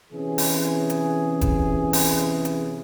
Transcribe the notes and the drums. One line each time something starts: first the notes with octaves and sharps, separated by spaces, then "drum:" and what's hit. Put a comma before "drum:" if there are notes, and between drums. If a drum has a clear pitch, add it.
C3 E3 C#4 G#4
drum: open hi-hat
drum: hi-hat
drum: kick, hi-hat
drum: open hi-hat
drum: hi-hat